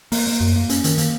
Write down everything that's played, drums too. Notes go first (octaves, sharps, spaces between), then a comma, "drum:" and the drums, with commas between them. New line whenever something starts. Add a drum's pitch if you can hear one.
A#3, drum: open hi-hat
A#3
F#2
A#3
C#4, drum: hi-hat
D#3, drum: hi-hat
A#3, drum: hi-hat